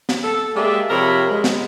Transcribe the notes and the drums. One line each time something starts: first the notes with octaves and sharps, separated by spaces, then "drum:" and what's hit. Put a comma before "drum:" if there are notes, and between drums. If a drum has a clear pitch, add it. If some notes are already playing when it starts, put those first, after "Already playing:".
drum: snare
A4
G#3 A#3 G4 D5 E5
C3 F3 A#4 C#5 B5
G#3
drum: snare